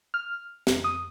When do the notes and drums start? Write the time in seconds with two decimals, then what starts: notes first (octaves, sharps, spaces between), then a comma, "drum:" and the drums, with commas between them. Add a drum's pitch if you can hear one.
0.14 F6
0.67 drum: snare
0.84 D#6